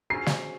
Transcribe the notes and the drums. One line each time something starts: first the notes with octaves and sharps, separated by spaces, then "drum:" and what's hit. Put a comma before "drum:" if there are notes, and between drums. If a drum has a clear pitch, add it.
F#3 C#4 G#4 C5 C7
drum: snare